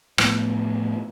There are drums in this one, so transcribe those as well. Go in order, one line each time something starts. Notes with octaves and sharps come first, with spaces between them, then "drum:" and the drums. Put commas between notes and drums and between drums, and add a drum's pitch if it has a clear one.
A2 F3 B3, drum: rim click